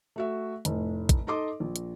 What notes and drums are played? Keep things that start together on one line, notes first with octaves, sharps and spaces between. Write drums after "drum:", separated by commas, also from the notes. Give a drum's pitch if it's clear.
A3 F#4 E5
F1 A2, drum: hi-hat
drum: kick, hi-hat
D#4 A4 D#5 C6 D6
A#1
drum: hi-hat